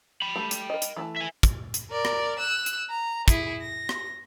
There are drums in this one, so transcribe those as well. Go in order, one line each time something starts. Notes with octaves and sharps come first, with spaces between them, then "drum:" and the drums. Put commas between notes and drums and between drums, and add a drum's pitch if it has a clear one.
G5 B5
G3 A3 G4
drum: hi-hat
A#4 D#5
drum: hi-hat
E3 A3 A5
E5 G#5
drum: kick, hi-hat
drum: hi-hat
A#4 D5
drum: rim click
E6 F#6
drum: hi-hat
A#5
E4 G#4, drum: kick, hi-hat
A#6
drum: rim click